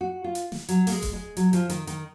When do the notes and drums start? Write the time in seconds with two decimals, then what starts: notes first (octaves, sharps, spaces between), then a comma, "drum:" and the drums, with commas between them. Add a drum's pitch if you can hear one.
0.01 F#4
0.24 F4
0.35 drum: hi-hat
0.52 drum: snare
0.69 F#3, drum: hi-hat
0.87 A#3, drum: open hi-hat
0.92 G#3
1.02 drum: kick D#1, hi-hat
1.13 G#3
1.37 F#3, drum: hi-hat
1.53 F3, drum: hi-hat
1.70 D#3, drum: hi-hat
1.87 D#3, drum: hi-hat